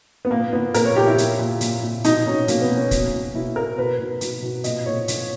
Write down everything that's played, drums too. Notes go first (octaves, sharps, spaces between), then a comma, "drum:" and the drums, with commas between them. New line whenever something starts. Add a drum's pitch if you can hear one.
B3
A#2 A#3
A#2 B3
A#2 A#4, drum: hi-hat
C#5
A#2 G4
E4
A#2, drum: hi-hat
A#2
A#2, drum: hi-hat
A#2
B2 D#4, drum: hi-hat
B2 C#4
B2 A#3, drum: hi-hat
B3
B2
C#4
B2, drum: kick, hi-hat
B2
B2 E4
B2 A#4
B2 B4
B2
B2, drum: hi-hat
B2
A#2 D#5, drum: hi-hat
A#2 C#5
A#2, drum: hi-hat